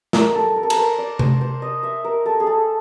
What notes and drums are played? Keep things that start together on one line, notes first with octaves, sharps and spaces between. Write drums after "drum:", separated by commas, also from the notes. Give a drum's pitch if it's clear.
A#4, drum: snare
A4
A#4
A4
A#4, drum: cymbal
C5
D5
C5, drum: tom C3
C5
D#5
E5
A#4
A4
G#4
A4